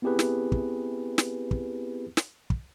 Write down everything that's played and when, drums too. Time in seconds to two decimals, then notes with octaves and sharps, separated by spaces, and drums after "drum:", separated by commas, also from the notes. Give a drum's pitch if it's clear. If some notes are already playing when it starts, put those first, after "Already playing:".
0.02 B3 C4 E4 G4 G#4 B4
0.19 drum: snare
0.52 drum: kick
1.18 drum: snare
1.51 drum: kick
2.17 drum: snare
2.50 drum: kick